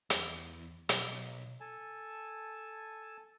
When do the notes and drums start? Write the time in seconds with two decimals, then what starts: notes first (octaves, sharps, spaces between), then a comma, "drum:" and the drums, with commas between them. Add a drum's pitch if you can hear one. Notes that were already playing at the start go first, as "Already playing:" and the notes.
0.10 E2, drum: hi-hat
0.89 B1, drum: hi-hat
1.61 A4 G#5 A5